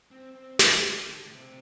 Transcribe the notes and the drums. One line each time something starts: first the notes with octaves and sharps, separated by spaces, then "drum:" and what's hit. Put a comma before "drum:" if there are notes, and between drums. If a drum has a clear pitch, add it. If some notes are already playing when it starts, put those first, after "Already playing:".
C4
C4
A3, drum: snare
F3
G3
D3
A2
C3